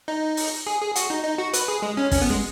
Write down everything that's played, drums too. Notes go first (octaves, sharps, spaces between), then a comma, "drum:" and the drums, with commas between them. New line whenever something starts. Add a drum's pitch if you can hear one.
D#4
drum: open hi-hat
G#4
G#4
F#4, drum: hi-hat
D#4
D#4
F#4
B4, drum: hi-hat
G#4
G#3
C#4
C#4, drum: kick, open hi-hat
B3
G#3